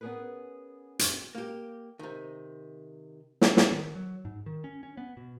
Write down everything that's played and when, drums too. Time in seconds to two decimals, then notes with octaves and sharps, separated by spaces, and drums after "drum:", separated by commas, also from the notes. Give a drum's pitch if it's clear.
0.01 B3 C#4 D#4 G#4 A#4 B4
0.99 drum: hi-hat
1.35 A#3 G4
1.99 C3 D#3
3.41 drum: snare
3.57 drum: snare
3.72 D#3
3.95 F#3
4.25 G#2
4.46 D#3
4.64 C#4
4.83 C#4
4.97 B3
5.17 B2